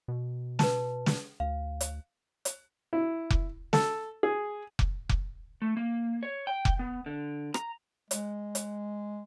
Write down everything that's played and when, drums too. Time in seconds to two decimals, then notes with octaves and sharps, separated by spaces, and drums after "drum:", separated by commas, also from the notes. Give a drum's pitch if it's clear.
0.08 B2
0.59 B4 A5, drum: snare
1.06 drum: snare
1.40 D2 F5
1.81 drum: hi-hat
2.45 drum: hi-hat
2.93 E4
3.30 drum: kick F1
3.73 A4, drum: snare
4.23 G#4
4.79 drum: kick F1
5.09 drum: kick F1
5.62 A3
5.77 A#3
6.23 C#5
6.47 G5
6.65 drum: kick F1
6.79 B3
7.06 D3
7.54 A#5, drum: rim click
8.11 G#3, drum: hi-hat
8.55 drum: hi-hat